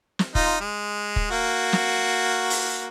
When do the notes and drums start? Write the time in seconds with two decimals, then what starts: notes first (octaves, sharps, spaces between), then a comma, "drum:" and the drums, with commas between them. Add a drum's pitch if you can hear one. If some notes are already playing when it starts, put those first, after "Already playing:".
0.19 drum: snare
0.35 D#4 F4, drum: kick
0.60 G#3
1.16 drum: kick
1.31 A#3 F#4
1.73 drum: snare
2.50 drum: open hi-hat